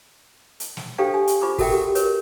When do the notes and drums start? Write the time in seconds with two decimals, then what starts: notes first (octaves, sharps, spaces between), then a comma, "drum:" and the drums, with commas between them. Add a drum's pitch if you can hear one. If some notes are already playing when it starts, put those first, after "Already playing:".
0.60 drum: hi-hat
0.77 drum: snare
0.98 D4 G4 A4 C5 F5 G5
1.14 G#5
1.27 drum: hi-hat
1.41 F4 C5 B5 C#6 D6
1.58 F#4 A4 A#4 E5 F#5 G5, drum: kick, open hi-hat
1.72 G4 F#5
1.95 A#4 B4 C#5, drum: hi-hat